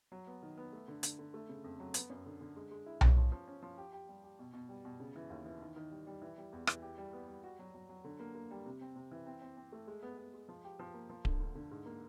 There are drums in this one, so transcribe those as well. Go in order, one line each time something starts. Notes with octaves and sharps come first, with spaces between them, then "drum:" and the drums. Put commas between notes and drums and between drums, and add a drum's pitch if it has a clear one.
F#3
B3
D#3
B3
A3
D3
D3, drum: hi-hat
D3
A3
C#3
F2
F#3
B3, drum: hi-hat
F#2
D3
D3
G#3
G#3
E4
C#4, drum: tom B1
F3
F3
C#4
F3
G4
G4
G3
G4
B2
B2
G3
B2
C#3
E3
D#2
E3
D#3
D#3
G3
G3
E3
G3
E2
E3, drum: rim click
G4
G3
B3
G3
F#4
F#3
F#3
F#3
D3
A#3
A#3
G3
C3
C4
C3
E3
C4
C4
C4
A3
G#3
B3
B3
G#3
F3
G4
F3
A#3
F3
D3, drum: kick D1
D2
D3
G#2
A#3